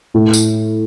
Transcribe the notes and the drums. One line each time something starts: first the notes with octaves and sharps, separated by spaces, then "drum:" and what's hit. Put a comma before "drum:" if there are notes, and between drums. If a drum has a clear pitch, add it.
A2
drum: tambourine